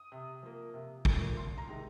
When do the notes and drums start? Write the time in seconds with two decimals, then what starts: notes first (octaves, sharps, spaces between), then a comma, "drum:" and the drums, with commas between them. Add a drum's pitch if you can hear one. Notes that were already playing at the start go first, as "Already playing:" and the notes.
Already playing: D#6
0.12 C3
0.43 F3 A#3
0.74 C3
1.05 F3 A#3, drum: kick
1.36 C2 C6
1.58 A#5
1.68 C3 D#3 G#3 D#4